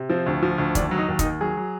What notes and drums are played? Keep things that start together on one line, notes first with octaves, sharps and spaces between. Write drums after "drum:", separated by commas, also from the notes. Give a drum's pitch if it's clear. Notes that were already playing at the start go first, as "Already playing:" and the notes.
Already playing: C3
F3 C4
D2
F3
D2
D#2 D4, drum: kick, hi-hat
F#3
D#4
D#2
D#4, drum: kick, hi-hat
D#2
F#3 G#4
F#3